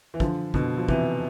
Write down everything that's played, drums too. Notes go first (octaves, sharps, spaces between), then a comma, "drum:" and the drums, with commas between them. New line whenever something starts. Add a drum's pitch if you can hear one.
E3
D3 F3, drum: kick
B2 D3, drum: kick
F3
C3 E3, drum: kick